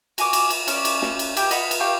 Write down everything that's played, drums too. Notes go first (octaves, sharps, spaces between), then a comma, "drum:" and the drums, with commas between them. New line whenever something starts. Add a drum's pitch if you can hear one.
F#4 G#5 D6, drum: cymbal
drum: cymbal
drum: cymbal
C#4 D5, drum: cymbal
drum: cymbal
drum: snare
drum: cymbal
G4 G5, drum: cymbal
D#5 F#5 B5, drum: cymbal
drum: cymbal
G4 F5 G5 C#6